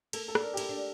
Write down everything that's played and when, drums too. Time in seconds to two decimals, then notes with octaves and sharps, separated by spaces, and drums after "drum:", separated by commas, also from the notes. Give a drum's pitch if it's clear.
0.13 A#3 A4, drum: cymbal
0.28 A4
0.35 D4, drum: rim click
0.43 A#4
0.54 G4
0.57 E4 A4, drum: cymbal
0.69 D4